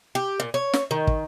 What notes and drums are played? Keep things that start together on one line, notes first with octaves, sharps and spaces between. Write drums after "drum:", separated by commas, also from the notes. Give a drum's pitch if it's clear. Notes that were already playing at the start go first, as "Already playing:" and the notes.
G4
A#2
C#5
drum: snare
D#3
drum: kick